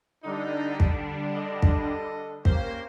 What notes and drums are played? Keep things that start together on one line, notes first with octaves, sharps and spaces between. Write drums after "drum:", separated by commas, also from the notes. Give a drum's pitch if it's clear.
D3 G3 D4 D#4
drum: kick
A4 D#5
drum: kick
A#3 C#4 G4 C5, drum: kick